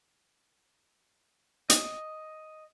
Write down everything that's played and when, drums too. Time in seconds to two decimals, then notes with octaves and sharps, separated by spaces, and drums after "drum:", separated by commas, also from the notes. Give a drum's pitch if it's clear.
1.70 D#5, drum: hi-hat